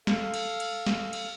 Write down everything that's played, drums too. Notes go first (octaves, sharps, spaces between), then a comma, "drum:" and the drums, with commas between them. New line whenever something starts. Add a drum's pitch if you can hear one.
A4 F5, drum: snare
drum: cymbal
drum: cymbal
drum: snare
drum: cymbal